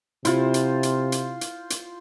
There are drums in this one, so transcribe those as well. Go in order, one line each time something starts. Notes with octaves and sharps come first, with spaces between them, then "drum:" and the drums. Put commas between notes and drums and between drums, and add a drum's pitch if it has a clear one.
C3 E4 F4 C5, drum: hi-hat
drum: hi-hat
drum: hi-hat
drum: hi-hat
drum: hi-hat
drum: hi-hat